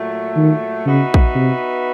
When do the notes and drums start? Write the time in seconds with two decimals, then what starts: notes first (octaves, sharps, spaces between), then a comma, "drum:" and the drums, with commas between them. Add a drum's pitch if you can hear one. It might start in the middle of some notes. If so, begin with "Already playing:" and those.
Already playing: A#2 F#3 A3
0.36 D#3
0.85 C#3 B3 D#4 F#4 B4 E5
1.14 drum: kick
1.35 C3